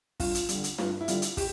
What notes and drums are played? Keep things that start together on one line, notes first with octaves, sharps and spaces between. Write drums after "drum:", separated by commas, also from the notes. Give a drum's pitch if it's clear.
G2 F4, drum: kick, open hi-hat
drum: hi-hat
G3, drum: hi-hat
D3
drum: hi-hat
G2 F4, drum: snare
E4
D3 G3 F4, drum: hi-hat
drum: hi-hat
G4, drum: kick, open hi-hat